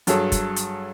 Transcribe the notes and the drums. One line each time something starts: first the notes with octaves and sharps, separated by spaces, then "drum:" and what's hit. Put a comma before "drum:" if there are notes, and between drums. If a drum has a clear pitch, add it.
G2 F#3 G#4 A4, drum: hi-hat
drum: kick, hi-hat
drum: hi-hat